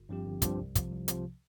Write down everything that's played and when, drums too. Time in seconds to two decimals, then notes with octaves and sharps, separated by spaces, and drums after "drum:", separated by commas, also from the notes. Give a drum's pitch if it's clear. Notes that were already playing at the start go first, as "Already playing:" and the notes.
Already playing: G1
0.09 G2 F3 C4 G4
0.26 G1
0.42 G2 F3 C4 G4, drum: kick, hi-hat
0.58 C2
0.75 C3 F3, drum: kick, hi-hat
0.91 C2
1.08 C3 F3, drum: hi-hat